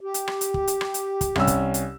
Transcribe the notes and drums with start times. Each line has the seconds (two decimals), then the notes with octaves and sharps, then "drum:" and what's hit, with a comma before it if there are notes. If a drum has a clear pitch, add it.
0.01 G4
0.14 drum: hi-hat
0.28 drum: rim click
0.41 drum: hi-hat
0.54 drum: kick
0.67 drum: hi-hat
0.81 drum: rim click
0.94 drum: hi-hat
1.21 drum: kick, hi-hat
1.36 C2 C#4 E6, drum: rim click
1.47 drum: kick, hi-hat
1.74 drum: hi-hat